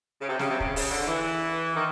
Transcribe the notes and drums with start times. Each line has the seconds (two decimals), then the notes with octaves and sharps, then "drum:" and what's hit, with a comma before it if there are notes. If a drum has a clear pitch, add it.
0.21 C#3
0.28 C3
0.39 C#3, drum: snare
0.50 C3
0.60 C#3, drum: kick
0.76 C#3, drum: open hi-hat
0.91 D3
1.07 E3
1.76 D#3